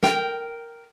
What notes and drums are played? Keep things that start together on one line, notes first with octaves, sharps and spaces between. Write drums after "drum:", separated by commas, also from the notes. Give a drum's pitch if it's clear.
A#4 G5, drum: snare